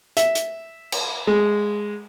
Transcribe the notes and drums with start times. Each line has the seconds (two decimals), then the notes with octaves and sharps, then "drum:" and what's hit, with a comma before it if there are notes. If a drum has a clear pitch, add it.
0.17 E5, drum: hi-hat
0.35 drum: hi-hat
0.92 drum: cymbal
1.27 G#3